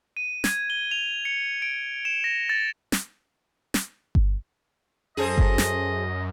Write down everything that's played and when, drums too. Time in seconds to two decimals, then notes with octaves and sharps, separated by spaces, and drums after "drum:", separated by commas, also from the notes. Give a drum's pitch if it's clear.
0.17 D#7
0.44 G#6, drum: snare
0.70 G7
0.91 F7
1.25 C#7
1.62 D7
2.05 E7
2.24 A#6
2.49 A6
2.92 drum: snare
3.74 drum: snare
4.15 drum: kick G1
5.17 F#2 G#4 A4 C5 D#5
5.38 drum: kick G1
5.58 drum: snare